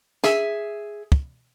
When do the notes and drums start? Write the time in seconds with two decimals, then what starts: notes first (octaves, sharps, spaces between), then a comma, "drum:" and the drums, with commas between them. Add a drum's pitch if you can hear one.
0.24 G#4 E5, drum: snare
1.12 drum: kick